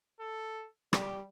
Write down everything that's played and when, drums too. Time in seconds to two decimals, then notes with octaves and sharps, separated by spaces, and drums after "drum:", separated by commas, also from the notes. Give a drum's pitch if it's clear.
0.20 A4
0.93 G3 G4, drum: rim click